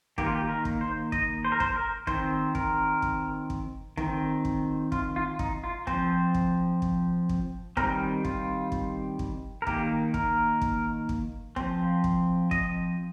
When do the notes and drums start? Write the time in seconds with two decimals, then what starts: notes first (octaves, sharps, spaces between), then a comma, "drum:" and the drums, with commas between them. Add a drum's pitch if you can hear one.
0.18 D#3 A#3 G4, drum: kick
0.26 F4
0.35 G4
0.49 A#4
0.65 drum: kick
0.81 C5
1.12 D#5, drum: kick
1.45 C5
1.52 A#4
1.60 C5, drum: kick
1.76 A#4
2.07 D#3 C4 C5, drum: kick
2.55 A#4, drum: kick
3.02 drum: kick
3.50 drum: kick
3.97 D#3 C4, drum: kick
4.45 drum: kick
4.92 F4, drum: kick
5.16 F4
5.39 D#4, drum: kick
5.64 F4
5.87 F3 C4 C5, drum: kick
6.34 drum: kick
6.82 drum: kick
7.29 drum: kick
7.77 D#3 G3 C4 A#4, drum: kick
8.25 F4, drum: kick
8.72 drum: kick
9.19 drum: kick
9.62 A#4
9.67 D#3 A#3 G4, drum: kick
10.14 A#4, drum: kick
10.62 drum: kick
11.09 drum: kick
11.56 F3 C4, drum: kick
12.04 drum: kick
12.51 D#5, drum: kick